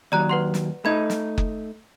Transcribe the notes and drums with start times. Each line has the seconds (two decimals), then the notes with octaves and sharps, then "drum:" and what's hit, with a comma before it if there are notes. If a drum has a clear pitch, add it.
0.12 D#2 F#3 D5 A#5 F#6
0.29 B4 F#5 C6
0.54 drum: snare
0.85 A3 D#4 B5 G#6
1.10 drum: snare
1.38 drum: kick F#1